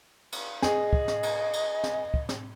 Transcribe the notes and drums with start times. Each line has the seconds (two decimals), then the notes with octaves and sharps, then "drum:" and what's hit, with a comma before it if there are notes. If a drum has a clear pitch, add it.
0.32 drum: cymbal
0.62 G#4 D#5, drum: snare
0.93 drum: kick
1.08 drum: snare
1.23 drum: cymbal
1.53 drum: cymbal
1.84 drum: snare
2.14 drum: kick
2.29 drum: snare